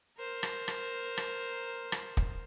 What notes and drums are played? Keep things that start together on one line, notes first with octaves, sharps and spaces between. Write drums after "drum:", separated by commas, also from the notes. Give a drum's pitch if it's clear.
A#4 C5
drum: rim click
drum: rim click
drum: rim click
drum: rim click
drum: kick